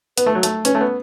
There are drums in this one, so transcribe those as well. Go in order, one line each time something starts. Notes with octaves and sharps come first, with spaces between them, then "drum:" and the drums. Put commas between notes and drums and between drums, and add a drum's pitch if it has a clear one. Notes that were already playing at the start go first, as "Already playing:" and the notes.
B3 B4, drum: hi-hat
A3
F#3
A3, drum: hi-hat
C#4 B4, drum: hi-hat
A3
B3